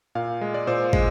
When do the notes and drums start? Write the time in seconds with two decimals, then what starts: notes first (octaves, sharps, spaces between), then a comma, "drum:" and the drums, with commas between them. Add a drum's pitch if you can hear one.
0.15 A#2 F5
0.41 G#3
0.54 D5
0.67 A#2 C5
0.93 G#3, drum: kick